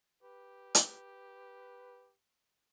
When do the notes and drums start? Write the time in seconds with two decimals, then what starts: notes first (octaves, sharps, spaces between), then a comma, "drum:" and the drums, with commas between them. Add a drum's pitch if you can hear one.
0.23 G4 B4
0.75 drum: hi-hat